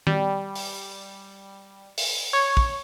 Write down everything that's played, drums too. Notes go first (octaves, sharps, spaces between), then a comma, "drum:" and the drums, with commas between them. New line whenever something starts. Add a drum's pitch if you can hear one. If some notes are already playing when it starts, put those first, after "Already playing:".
G3, drum: tom D#3
drum: open hi-hat
drum: open hi-hat
C#5
drum: kick